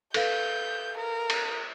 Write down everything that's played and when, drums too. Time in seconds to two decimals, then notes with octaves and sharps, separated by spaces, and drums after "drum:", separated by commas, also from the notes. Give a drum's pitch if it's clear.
0.14 A4 B4 F5 G6, drum: cymbal
0.98 A#4
1.30 drum: cymbal